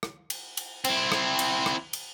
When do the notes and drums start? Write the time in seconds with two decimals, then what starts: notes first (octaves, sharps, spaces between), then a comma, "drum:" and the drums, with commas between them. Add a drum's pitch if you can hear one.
0.03 drum: rim click
0.30 drum: cymbal
0.57 drum: cymbal
0.84 C4 E4, drum: cymbal
1.12 drum: rim click
1.39 drum: cymbal
1.66 drum: rim click
1.93 drum: cymbal